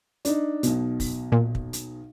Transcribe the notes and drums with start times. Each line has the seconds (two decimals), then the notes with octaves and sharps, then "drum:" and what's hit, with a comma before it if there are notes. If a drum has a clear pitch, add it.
0.25 D4 D#4, drum: hi-hat
0.63 B1 B2, drum: hi-hat
1.00 drum: kick, open hi-hat
1.32 A#2
1.55 drum: kick
1.73 drum: hi-hat